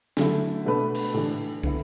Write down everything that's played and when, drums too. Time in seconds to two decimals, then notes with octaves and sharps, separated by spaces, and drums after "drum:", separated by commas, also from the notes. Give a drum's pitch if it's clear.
0.17 D3 F#3 A3 E4, drum: snare
0.66 B2 A3 D4 B4
0.95 drum: cymbal
1.14 A2 E3 D4
1.63 D3 B3 E4, drum: kick